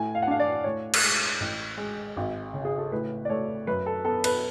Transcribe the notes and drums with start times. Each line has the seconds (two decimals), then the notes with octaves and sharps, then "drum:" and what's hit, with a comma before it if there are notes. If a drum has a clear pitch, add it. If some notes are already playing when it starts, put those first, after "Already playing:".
Already playing: A2 G#5
0.15 F5
0.22 F#5
0.27 D4 F5
0.40 D5
0.64 A2 C#5
0.94 drum: cymbal
1.03 G#3
1.40 A1
1.78 G#3
2.17 G#1
2.53 C#3
2.65 G#4
2.78 A4
2.92 A2 B4
3.25 D5
3.29 A3 C#5
3.67 F#2 B4
3.86 A4
4.05 B3 A4
4.24 B4, drum: cymbal